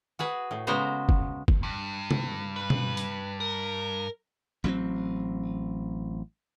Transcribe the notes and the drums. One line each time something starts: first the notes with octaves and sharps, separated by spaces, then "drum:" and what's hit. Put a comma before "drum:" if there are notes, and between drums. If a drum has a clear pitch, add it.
F#4 G#4 B4
A2
C#3 G#3 B3 F#4 C5 A#5
drum: kick
drum: kick
G2
drum: tom C3
B4
drum: tom B2
drum: hi-hat
A#4
A1 F#3 B3 C4